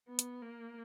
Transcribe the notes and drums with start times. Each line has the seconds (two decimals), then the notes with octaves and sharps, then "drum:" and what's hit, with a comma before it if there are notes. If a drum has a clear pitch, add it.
0.08 B3
0.19 drum: hi-hat
0.42 A#3